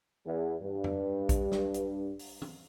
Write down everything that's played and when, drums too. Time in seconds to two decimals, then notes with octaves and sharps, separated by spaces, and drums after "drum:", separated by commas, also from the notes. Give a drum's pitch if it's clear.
0.25 E2
0.62 G2
0.84 drum: tom F2
1.29 drum: kick A1, hi-hat
1.52 drum: snare
1.74 drum: hi-hat
2.19 drum: open hi-hat
2.42 drum: tom